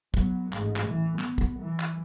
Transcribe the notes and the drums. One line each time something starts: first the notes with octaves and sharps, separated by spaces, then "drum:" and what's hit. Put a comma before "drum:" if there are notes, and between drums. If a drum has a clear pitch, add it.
F#3 B3, drum: kick
A1 G#2, drum: clap
drum: clap
E3
B3, drum: clap
drum: kick
E3
drum: clap